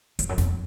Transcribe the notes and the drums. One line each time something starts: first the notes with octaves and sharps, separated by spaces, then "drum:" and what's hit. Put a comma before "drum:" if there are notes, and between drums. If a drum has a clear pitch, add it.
F2, drum: hi-hat
F#2
F2, drum: snare